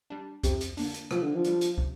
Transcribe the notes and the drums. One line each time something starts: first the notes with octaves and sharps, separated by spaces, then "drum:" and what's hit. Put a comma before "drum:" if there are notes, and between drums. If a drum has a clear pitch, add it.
G3 D4
F2 C3, drum: kick, hi-hat
drum: hi-hat
D3 A#3 D4, drum: open hi-hat
drum: hi-hat
C3 F3, drum: rim click
D3
F3
G3 D4, drum: hi-hat
drum: hi-hat
C3, drum: kick